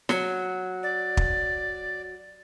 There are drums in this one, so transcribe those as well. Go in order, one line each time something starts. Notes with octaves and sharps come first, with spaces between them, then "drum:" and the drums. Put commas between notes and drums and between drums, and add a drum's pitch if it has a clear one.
F#3, drum: snare
D5
drum: kick